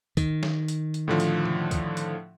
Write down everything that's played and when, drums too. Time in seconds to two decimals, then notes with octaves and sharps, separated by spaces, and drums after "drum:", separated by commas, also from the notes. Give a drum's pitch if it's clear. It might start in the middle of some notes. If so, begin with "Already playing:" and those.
0.17 D#3, drum: kick, hi-hat
0.43 drum: snare
0.68 drum: hi-hat
0.94 drum: hi-hat
1.08 A2 D3 F3
1.20 drum: hi-hat
1.46 drum: tom C3
1.71 drum: kick, hi-hat
1.97 drum: hi-hat